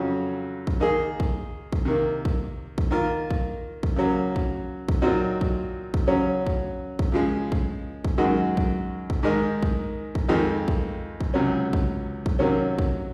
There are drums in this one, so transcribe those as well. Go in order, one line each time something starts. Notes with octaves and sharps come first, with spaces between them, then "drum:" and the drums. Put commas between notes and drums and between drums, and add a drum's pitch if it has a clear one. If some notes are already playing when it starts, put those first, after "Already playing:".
Already playing: F2 C#3 F#3 C#4
drum: kick
D#3 A#3 D#4 G#4
drum: kick
drum: kick
C3 D#3 A#3
drum: kick
drum: kick
D#3 A#3 F4 A#4
drum: kick
drum: kick
C#3 F#3 A#3
drum: kick
drum: kick
A#2 F#3 C4 D#4 F#4
drum: kick
drum: kick
C#3 F#3 C#4
drum: kick
drum: kick
C#3 F3 G#3
drum: kick
drum: kick
F#2 D#3 G#3 D#4 F#4
drum: kick
drum: kick
G#2 D#3 G#3 D#4 A#4
drum: kick
drum: kick
F2 D#3 G#3 C4 D#4
drum: kick
drum: kick
C#2 C3 F#3 C#4
drum: kick
drum: kick
C3 D#3 F#3 A#3 C#4
drum: kick